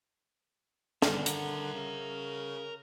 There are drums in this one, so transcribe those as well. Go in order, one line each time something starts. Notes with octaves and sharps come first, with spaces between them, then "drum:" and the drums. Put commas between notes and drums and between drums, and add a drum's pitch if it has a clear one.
D3 B3 D5, drum: snare
A#4 F#5, drum: hi-hat
C#3